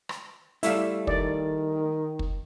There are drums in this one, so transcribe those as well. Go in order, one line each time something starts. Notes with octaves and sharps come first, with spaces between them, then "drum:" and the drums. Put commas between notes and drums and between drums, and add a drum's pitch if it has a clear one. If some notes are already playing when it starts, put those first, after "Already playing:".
drum: rim click
G3 A3 E4 E5 F5, drum: hi-hat
D#3 D5, drum: kick
drum: kick